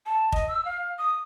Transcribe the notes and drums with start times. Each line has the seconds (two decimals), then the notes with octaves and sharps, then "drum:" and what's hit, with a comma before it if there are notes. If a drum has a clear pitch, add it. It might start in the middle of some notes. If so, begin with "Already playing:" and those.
0.06 A5
0.32 D#5, drum: kick
0.48 E6
0.65 F5
0.99 D#6